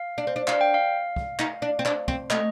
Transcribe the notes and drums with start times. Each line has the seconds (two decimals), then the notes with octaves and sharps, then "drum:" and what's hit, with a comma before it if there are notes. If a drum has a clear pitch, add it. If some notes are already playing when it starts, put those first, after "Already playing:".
Already playing: F5
0.18 D4
0.27 C4
0.36 D4
0.48 D4 F5, drum: clap
0.61 G5
0.74 F5
1.16 drum: kick
1.39 D#4, drum: clap
1.62 D4
1.79 C4
1.85 D4, drum: clap
2.08 C4, drum: kick
2.30 A3 D#5, drum: clap